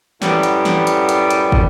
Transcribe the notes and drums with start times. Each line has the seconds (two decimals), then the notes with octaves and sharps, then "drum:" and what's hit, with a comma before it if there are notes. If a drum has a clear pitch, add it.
0.22 F#2 A2 G3 B3, drum: snare
0.43 drum: hi-hat
0.65 drum: snare
0.87 drum: hi-hat
1.09 drum: hi-hat
1.31 drum: hi-hat
1.52 drum: kick